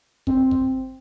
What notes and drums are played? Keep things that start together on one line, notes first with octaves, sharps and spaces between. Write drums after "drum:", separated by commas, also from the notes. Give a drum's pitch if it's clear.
C4, drum: kick
drum: kick